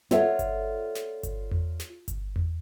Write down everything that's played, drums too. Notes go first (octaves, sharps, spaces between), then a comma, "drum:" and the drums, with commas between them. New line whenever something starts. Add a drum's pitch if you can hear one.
F4 A4 C#5 D5 E5 F#5, drum: snare
drum: kick G1, hi-hat
drum: snare
drum: kick G1, hi-hat
drum: tom E2
drum: snare
drum: kick G1, hi-hat
drum: tom E2